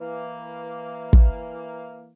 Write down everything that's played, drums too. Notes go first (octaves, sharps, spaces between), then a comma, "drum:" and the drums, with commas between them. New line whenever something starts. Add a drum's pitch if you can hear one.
E3 A#3
drum: kick